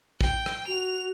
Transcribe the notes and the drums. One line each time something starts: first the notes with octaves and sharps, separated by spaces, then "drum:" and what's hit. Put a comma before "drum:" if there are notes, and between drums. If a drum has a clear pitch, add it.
G5, drum: kick
drum: rim click
F#4 F7